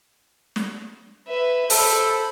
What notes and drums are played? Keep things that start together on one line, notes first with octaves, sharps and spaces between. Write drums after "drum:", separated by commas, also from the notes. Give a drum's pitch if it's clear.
drum: snare
B4 E5
A4 C5 B5, drum: open hi-hat